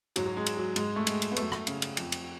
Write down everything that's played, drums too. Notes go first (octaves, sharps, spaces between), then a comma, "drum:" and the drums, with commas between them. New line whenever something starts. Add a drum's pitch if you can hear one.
G#2 F#3, drum: cymbal
F#3
G#3
drum: cymbal
F#3
G#2 G#3, drum: cymbal
A3
G#3, drum: cymbal
drum: cymbal
B3
F#2 A3, drum: cymbal
drum: rim click
C#3, drum: cymbal
drum: cymbal
F2, drum: cymbal
drum: cymbal